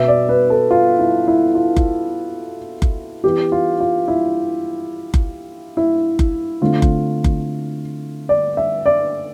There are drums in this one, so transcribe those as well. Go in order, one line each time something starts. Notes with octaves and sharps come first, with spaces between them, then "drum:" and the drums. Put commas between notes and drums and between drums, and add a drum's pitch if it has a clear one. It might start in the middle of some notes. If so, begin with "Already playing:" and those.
Already playing: B2 B3 E5
D5
B4
A4
F4
E4
E4
F4
drum: kick F#1
drum: kick F#1
E3 B3 G4
F4
F4
E4
drum: kick F#1
E4
drum: kick F#1
D3 A3 C4 F4
drum: kick F#1
drum: kick F#1
D5
E5
D5